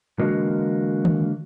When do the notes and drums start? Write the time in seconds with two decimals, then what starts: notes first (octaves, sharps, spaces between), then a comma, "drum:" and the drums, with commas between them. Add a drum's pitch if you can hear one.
0.19 D3 E3 G#3 A#3 F#4 A#4
1.05 drum: tom D#3